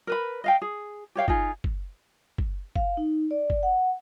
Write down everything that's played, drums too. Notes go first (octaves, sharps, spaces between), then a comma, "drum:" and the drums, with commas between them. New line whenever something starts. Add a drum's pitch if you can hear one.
A#4 B4 B5
D#5 F5 G5
G#4
G4 C#5 F5 G5
D#4 F4 G#4, drum: kick
drum: kick
drum: kick
F5, drum: kick
D#4
D5
drum: kick
F#5